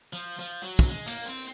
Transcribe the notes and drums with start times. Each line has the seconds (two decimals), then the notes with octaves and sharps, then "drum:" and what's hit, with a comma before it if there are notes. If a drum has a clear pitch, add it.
0.13 F3
0.39 F3
0.63 F#3
0.79 drum: kick
0.88 G#3
1.07 A#3, drum: cymbal
1.25 C4